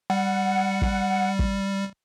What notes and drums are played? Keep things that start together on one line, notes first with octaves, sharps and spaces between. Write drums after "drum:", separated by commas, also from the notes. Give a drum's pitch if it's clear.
G3 F#5
drum: kick
drum: kick